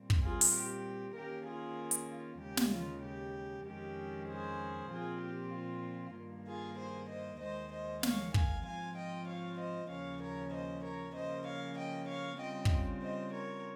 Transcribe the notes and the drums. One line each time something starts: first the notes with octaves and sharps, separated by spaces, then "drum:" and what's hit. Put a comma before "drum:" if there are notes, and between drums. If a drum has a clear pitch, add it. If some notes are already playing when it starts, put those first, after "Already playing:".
Already playing: A#2 G3 C4
drum: kick
F4 G#4
drum: open hi-hat
G4
D#3 A#3 C#4 G4 A#4
F4 G#4
drum: hi-hat
F4
D#2 C#3 G#3 G4
drum: snare
F4
G4
F2 D#3 G#3 C#4 G4
G#4 C5
A#2 F3 C4 F4 G#4
G4
F4
G2 D#3 A#3
F4 G#4
G#4 C5
C5 D#5
D#2 D#3 G#3 C5 D#5
C5 D#5
C#5 F5, drum: snare
F5 G#5, drum: kick
G#2 F3 C4 F4 F5 G#5
D#5 G5
C#5 F5
C5 D#5
D#2 C#3 F3 A#3 C#4 C#5 F5
A#4 C#5
C5 D#5
A#4 C#5
C#3 F3 A#3 C#4 C5 D#5
C#5 F5
D#5 G5
C#5 F5
C#3 G3 C4 F4 D#5 G5
drum: kick
C5 D#5
A#4 C#5